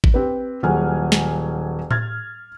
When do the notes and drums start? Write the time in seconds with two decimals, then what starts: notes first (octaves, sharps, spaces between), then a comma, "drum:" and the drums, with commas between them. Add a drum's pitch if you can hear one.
0.04 drum: kick G#1
0.14 C4 G4 B4
0.63 D#1 F#3 G#4 F#5 G#5 F6
1.12 drum: snare
1.91 F6 G#6 A6, drum: tom A2